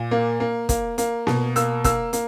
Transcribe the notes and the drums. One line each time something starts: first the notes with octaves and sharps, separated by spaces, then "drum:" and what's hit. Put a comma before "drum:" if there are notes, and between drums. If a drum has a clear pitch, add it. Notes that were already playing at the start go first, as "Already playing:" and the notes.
Already playing: A#2
A#3
A#3
A#3, drum: kick, hi-hat
A#3, drum: hi-hat
B2, drum: snare A#3
A#3 E6, drum: hi-hat
A#3 E6, drum: kick, hi-hat
A#3, drum: hi-hat